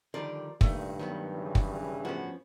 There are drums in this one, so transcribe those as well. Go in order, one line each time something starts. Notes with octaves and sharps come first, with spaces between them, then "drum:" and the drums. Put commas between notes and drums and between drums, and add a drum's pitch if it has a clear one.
D3 D#3 F3 G3 A#4 D5
G2 A#2 D#3 A3, drum: kick
D#3 F#3 B3
C#3 E3
drum: kick
A2 F3 B3 C#4 F#4